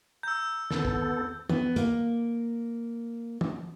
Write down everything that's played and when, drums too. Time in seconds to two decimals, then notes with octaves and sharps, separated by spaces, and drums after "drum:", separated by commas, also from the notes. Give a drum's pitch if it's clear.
0.23 A#5 E6 G6
0.71 E2 D#3 B3 A4, drum: snare
0.85 drum: kick
1.50 B3, drum: tom
1.76 A#3, drum: hi-hat
3.41 drum: tom